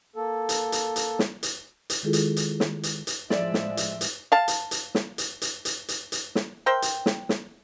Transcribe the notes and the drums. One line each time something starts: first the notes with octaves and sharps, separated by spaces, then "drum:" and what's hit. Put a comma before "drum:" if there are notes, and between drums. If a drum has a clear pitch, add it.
A#3 A4
drum: hi-hat
drum: hi-hat
drum: hi-hat
drum: snare
drum: hi-hat
drum: hi-hat
D#3 G#3 E4 F4 G#4 A4
drum: hi-hat
drum: hi-hat
drum: snare
drum: hi-hat
drum: hi-hat
A2 F3 G#3 D5 E5, drum: snare
drum: snare
drum: hi-hat
drum: hi-hat
F5 A5
drum: hi-hat
drum: hi-hat
drum: snare
drum: hi-hat
drum: hi-hat
drum: hi-hat
drum: hi-hat
drum: hi-hat
drum: snare
A#4 C5 E5 G5
drum: hi-hat
drum: snare
drum: snare